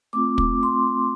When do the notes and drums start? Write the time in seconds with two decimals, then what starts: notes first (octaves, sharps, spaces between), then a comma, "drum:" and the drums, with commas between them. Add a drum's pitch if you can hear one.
0.13 A3 C4 F4 D6
0.38 D6, drum: kick
0.63 C6